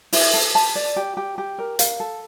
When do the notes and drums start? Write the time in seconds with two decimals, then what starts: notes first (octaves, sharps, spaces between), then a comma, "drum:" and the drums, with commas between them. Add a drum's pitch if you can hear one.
0.13 E4, drum: open hi-hat
0.34 A4
0.55 A5
0.75 D5
0.96 G4
1.17 G4
1.38 G4
1.58 A#4
1.79 F5, drum: hi-hat
2.00 A4